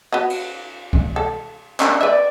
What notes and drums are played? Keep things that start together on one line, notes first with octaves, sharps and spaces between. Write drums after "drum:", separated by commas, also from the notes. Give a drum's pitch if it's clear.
F#4 B4 F#5
drum: cymbal
drum: kick
A4
D4, drum: clap
B4 D5 E5